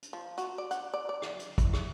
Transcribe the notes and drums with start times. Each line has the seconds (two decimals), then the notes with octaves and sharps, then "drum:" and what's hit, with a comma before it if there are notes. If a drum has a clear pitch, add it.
0.02 drum: hi-hat
0.13 F3
0.38 F#4, drum: hi-hat
0.58 D5
0.71 F#5, drum: hi-hat
0.94 D5
1.09 D5
1.22 drum: rim click
1.39 drum: hi-hat
1.58 E3, drum: kick, hi-hat
1.73 drum: rim click